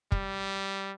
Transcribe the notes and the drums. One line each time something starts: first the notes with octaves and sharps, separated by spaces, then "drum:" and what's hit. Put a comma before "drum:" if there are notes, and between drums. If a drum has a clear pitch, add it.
G3, drum: kick